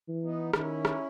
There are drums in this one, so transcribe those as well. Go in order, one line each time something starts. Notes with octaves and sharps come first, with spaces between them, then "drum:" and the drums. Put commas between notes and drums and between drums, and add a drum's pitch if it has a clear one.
E3
B3 D#4
D#3 C#4 E4, drum: rim click
drum: rim click